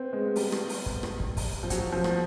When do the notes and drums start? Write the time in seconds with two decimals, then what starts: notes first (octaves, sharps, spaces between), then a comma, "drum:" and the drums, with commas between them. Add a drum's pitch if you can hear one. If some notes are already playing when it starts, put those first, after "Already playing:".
Already playing: B3 C4
0.13 G#3
0.36 G3, drum: open hi-hat
0.52 drum: rim click
0.69 drum: open hi-hat
0.86 drum: kick
1.03 drum: rim click
1.20 drum: kick
1.37 drum: kick, open hi-hat
1.63 F3
1.70 F#3, drum: kick, hi-hat
1.92 F3
2.04 drum: rim click